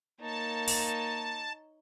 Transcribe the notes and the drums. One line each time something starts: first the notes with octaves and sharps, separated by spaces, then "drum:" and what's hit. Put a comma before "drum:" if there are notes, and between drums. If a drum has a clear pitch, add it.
A#3 D#4 C#5 A5
drum: open hi-hat